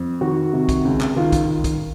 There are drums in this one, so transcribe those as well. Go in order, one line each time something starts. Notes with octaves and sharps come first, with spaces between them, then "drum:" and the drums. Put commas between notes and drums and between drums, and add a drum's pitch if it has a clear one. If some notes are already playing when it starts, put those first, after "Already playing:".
Already playing: F2
D#3 F#4
C3
drum: kick, hi-hat
C#2
drum: clap
D#3 F4
drum: kick, hi-hat
drum: kick, hi-hat